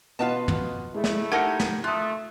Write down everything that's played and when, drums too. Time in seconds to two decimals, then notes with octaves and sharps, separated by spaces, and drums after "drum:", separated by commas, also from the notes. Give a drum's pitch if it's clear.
0.19 B2 F4 B4 D#5 F#5 A5
0.48 drum: tom
0.94 G#3 A3 E4
1.04 drum: snare
1.32 D#4 G4 A#4 F#5 A5 G#6 A#6 C#7
1.60 drum: snare
1.84 A3 F4 D#6 F#6